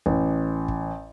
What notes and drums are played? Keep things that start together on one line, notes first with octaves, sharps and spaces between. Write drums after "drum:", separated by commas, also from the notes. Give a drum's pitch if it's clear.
A1, drum: kick
drum: kick